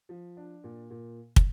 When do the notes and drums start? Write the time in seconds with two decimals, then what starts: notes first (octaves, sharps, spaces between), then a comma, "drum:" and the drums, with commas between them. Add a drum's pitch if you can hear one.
0.09 F3
0.37 D4
0.64 A#2
0.90 A#2
1.36 drum: kick